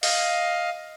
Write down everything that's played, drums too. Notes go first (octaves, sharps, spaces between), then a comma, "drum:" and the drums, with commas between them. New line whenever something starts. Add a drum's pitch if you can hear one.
D#5 F5, drum: open hi-hat